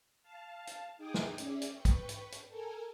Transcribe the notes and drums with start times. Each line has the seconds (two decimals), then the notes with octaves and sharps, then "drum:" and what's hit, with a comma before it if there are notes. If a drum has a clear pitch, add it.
0.23 F5 A5
0.67 drum: hi-hat
0.98 D#4 G#4 G5 G#5 D6 D#6
1.14 drum: snare
1.38 C#4 G#4 D5 E5, drum: hi-hat
1.62 drum: hi-hat
1.73 B4 G5 C#6
1.85 drum: kick, hi-hat
2.09 drum: hi-hat
2.32 drum: hi-hat
2.49 A4 A#4 G#5